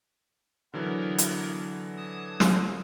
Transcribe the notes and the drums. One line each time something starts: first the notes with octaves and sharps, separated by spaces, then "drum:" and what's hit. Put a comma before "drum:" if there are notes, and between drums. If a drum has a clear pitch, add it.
D3 E3 F#3 B3 E4 A#4
drum: hi-hat
A5 D#6 G#6
drum: snare